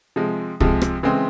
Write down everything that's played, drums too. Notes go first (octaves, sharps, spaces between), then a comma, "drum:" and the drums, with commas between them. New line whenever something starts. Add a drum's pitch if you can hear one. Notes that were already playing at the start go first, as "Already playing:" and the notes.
C3 F3 G#3
C3 F3 G#3, drum: kick
drum: rim click
C#3 E3 G#3 C4